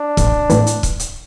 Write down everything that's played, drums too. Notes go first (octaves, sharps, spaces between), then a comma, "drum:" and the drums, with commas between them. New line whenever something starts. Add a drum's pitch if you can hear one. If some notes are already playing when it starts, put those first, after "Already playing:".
Already playing: D4
A1, drum: kick, hi-hat
A2 E3, drum: hi-hat
drum: hi-hat
drum: kick, hi-hat
drum: hi-hat